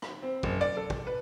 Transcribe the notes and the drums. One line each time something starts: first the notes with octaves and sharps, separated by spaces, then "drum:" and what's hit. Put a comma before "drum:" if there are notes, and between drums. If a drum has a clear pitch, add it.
drum: rim click
C4
F#1, drum: kick
D5
A4
drum: kick
B4